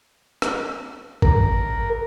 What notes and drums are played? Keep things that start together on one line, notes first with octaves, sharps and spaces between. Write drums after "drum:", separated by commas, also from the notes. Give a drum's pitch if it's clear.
drum: rim click
A#4, drum: kick G#1